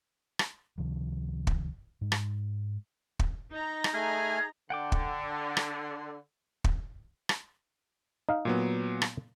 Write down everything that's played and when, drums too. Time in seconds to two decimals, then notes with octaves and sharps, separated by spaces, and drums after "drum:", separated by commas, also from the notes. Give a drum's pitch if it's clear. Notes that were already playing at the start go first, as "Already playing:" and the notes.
0.39 drum: rim click
0.78 C#2 C3 D#3 F3
1.47 drum: kick
2.01 G#2 G#3
2.12 drum: rim click
3.19 drum: kick
3.52 D#4 A#5
3.84 drum: rim click
3.94 A3 G#4 G#5 F6
4.70 D3 F#5 G5 D6
4.92 drum: kick
5.57 drum: rim click
6.64 drum: kick
7.29 drum: rim click
8.29 D#4 F5
8.45 A#2 F#3 B3
9.02 drum: rim click